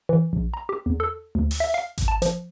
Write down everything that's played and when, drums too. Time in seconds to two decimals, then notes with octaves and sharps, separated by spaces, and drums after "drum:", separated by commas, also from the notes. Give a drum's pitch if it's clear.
0.09 E3
0.33 A#1
0.54 A#5
0.69 G4
0.86 E2
1.00 A4
1.35 D2
1.51 drum: open hi-hat
1.60 E5
1.74 F5
1.98 drum: kick G#1, hi-hat
2.08 A5
2.22 F3, drum: hi-hat